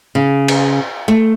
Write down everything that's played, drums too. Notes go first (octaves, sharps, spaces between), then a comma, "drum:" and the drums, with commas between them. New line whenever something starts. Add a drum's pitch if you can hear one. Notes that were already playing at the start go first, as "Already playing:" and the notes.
C#3
drum: cymbal
A3